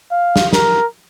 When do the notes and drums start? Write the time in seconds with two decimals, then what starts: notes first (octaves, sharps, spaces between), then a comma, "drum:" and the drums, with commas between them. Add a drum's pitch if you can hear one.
0.12 F5
0.36 drum: snare
0.53 A#4, drum: snare